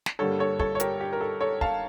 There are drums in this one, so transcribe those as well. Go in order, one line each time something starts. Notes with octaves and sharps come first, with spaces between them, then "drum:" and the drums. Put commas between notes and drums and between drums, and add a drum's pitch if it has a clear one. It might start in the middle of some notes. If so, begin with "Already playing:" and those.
drum: snare
G2 D3 G3 A#3 A4 C#5
A4 C#5
A4 C#5, drum: kick
C#5
G4 A#4, drum: hi-hat
G4
A#4
A4
A4 C#5
F5 A5, drum: kick